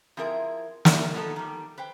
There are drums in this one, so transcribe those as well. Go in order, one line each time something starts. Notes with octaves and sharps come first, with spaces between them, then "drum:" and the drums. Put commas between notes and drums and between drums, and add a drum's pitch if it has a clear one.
F3 C4 E4 G#4 A#4 E5
D#3 C#4 E4, drum: snare
F3 F#3 A3 B3 D#4 A4
D#3 G3
B4 C5 G5